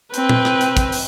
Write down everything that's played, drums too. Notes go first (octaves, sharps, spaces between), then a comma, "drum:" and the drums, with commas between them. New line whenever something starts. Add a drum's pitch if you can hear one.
C4 B4, drum: hi-hat
drum: tom A#2
drum: rim click
drum: hi-hat
drum: kick, hi-hat
drum: open hi-hat